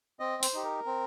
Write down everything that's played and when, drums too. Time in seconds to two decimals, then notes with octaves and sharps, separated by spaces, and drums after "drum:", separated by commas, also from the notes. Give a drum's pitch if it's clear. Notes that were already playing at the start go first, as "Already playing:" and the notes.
0.20 C4 D#5
0.43 C5, drum: open hi-hat
0.54 D#4 G4
0.64 A#4
0.86 C4